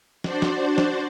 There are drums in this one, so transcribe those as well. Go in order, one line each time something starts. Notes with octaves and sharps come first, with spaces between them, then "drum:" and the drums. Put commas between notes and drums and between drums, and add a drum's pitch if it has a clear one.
D4 F#4 C5 D5, drum: snare
drum: snare
drum: snare